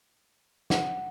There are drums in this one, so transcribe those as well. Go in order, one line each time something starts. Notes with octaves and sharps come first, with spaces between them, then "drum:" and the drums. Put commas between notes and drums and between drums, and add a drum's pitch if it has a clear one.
F#5, drum: snare